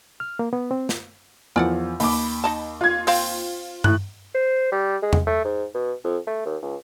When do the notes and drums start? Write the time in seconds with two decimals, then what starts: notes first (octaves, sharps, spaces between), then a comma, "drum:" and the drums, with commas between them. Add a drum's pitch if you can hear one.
0.20 F6
0.39 A#3
0.53 B3
0.71 C4
0.89 drum: snare
1.56 E2 F3 A#4 D5 F#5
2.00 D#2 B5 D6, drum: open hi-hat
2.44 D#4 D#5 A5
2.81 F4 G#6
3.07 C4 C5 F5, drum: open hi-hat
3.84 A2 F#6, drum: tom G2
4.35 C5
4.72 G3
5.02 G#3
5.13 drum: tom E2
5.27 A3
5.45 G#2
5.74 B2
6.04 F2
6.27 A3
6.46 D#2
6.62 C#2